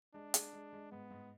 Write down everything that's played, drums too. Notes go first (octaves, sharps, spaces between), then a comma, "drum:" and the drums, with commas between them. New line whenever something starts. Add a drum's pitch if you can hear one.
G#3 D4
G#4, drum: hi-hat
G#3
G#3
G#2 B3
G#2